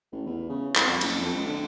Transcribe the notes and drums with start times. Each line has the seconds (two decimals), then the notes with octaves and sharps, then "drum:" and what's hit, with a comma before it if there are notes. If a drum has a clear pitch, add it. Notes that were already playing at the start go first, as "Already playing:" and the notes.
0.12 A1
0.26 E2
0.50 C#3
0.76 C2, drum: clap
0.87 F2
1.01 F#1, drum: cymbal
1.21 F2
1.33 C#2
1.46 D3